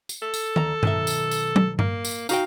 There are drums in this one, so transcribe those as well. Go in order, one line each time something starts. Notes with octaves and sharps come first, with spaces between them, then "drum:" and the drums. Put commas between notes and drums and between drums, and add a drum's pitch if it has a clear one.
drum: tambourine
A4
drum: tambourine
D2 A#5, drum: tom D#3
B1 D#3 E5, drum: tom G2
drum: tambourine
drum: tambourine
drum: tom F#3
A#3, drum: tom G2
drum: tambourine
D#4 F#4 F5 G5, drum: tambourine